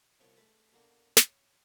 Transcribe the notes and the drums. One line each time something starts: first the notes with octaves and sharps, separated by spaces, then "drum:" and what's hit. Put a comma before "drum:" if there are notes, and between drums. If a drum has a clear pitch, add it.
C2 F3 B3 C#5 G5
G#3 A3 B4
B2 D3 A#3 F#4
C#5, drum: snare